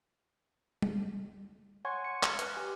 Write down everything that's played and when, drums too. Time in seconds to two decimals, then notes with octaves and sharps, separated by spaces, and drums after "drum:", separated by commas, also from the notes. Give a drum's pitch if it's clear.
0.82 drum: tom G3
1.85 C#5 F#5 G#5 C6 C#6 G#6
2.04 C#7
2.23 F6, drum: clap
2.39 B4, drum: hi-hat
2.57 G4 G#5